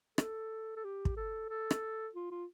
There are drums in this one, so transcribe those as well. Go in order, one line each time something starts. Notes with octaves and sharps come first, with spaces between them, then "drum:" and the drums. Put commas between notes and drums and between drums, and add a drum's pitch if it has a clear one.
A4, drum: rim click
A4
G4
drum: kick
A4
A4
drum: rim click
F4
F4